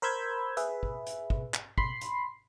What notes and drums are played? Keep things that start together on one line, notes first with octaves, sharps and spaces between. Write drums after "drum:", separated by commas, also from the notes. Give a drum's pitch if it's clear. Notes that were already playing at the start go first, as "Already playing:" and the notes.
A#4 C5 B5 E6 G6 G#6
G#4 B4 E5, drum: hi-hat
drum: kick
drum: hi-hat
drum: kick
drum: clap
B5 C6 C7, drum: kick
drum: hi-hat